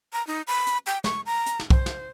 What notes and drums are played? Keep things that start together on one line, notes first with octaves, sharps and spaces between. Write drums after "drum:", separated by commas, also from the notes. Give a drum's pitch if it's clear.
A#5
D#4
B5
drum: hi-hat
G5
C#6, drum: snare
A#5
drum: hi-hat
drum: snare
C5, drum: kick
drum: snare